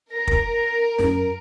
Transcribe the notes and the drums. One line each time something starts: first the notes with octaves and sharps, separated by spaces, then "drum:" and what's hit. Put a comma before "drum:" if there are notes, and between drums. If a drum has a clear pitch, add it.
A#4 A#6
drum: kick
F#2, drum: snare